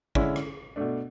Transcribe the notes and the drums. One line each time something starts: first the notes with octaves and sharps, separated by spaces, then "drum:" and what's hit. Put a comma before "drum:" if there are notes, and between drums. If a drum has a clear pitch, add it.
D3 G#3 C#4 E4, drum: kick
drum: rim click
B2 A3 D4